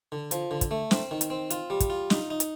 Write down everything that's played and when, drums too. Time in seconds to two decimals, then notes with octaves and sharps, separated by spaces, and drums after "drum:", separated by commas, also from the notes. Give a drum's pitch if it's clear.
0.12 D3
0.31 F3, drum: hi-hat
0.51 D3
0.61 drum: kick, hi-hat
0.71 A3
0.91 C4, drum: snare
1.11 D#3
1.21 drum: hi-hat
1.30 C4
1.50 F4, drum: hi-hat
1.70 G3
1.80 drum: kick, hi-hat
1.90 F4
2.10 D#4, drum: snare
2.30 D#4
2.40 drum: hi-hat